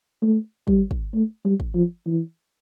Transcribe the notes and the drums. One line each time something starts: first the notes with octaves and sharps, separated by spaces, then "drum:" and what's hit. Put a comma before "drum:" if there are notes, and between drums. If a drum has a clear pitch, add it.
A3
G3, drum: kick
drum: kick
A3
G3
drum: kick
F3
E3